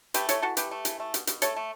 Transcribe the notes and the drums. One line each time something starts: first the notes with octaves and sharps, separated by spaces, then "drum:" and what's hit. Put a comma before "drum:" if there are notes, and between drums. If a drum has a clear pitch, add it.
A3 G4 B4, drum: hi-hat
E3 A4 C#5, drum: hi-hat
E3 F#4 A4
A3 G4 B4, drum: hi-hat
A3
E3, drum: hi-hat
A3
B2, drum: hi-hat
B2, drum: hi-hat
A3 A4 C#5, drum: hi-hat
A3